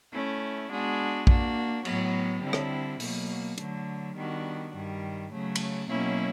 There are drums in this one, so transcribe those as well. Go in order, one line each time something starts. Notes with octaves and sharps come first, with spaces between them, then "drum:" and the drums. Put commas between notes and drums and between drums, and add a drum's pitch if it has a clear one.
A3 C#4 E4
G#3 B3 D4 F#4
A#3 D4 F#4, drum: kick A#1
A2 F#3 B3, drum: cymbal
D3 G3 C4 E4
drum: rim click
B2 F#3 A#3, drum: open hi-hat
D3 F#3 A3, drum: hi-hat
D#3 G3 B3 D4 F#4
G2 D#3 G3
C#3 F#3 A3
drum: cymbal
B2 F#3 A#3 C#4 E4